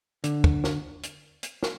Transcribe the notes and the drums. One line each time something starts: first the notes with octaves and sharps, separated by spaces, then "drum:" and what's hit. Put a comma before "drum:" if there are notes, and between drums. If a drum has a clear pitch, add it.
D3, drum: hi-hat
drum: kick
drum: snare
drum: hi-hat
drum: hi-hat
drum: snare